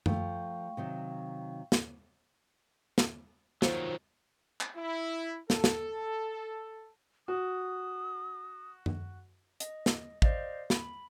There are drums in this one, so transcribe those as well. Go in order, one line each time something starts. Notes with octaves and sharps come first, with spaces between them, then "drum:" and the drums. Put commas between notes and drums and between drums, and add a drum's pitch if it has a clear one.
F3 A3 F5 G5 C#6, drum: tom F#2
C3 D#3 F#3
drum: snare
drum: snare
D#3 F3 F#3, drum: snare
drum: clap
E4
A4, drum: snare
drum: snare
F#4 D#6
drum: tom F#2
D#5, drum: hi-hat
drum: snare
C5 D5 D#5 F5, drum: kick
B5, drum: snare